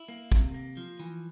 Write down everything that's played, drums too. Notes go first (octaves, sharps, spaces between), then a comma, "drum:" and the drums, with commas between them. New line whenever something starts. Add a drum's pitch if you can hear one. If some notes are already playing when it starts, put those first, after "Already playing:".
Already playing: E4
A#3
C3, drum: kick
A#3
F3
E3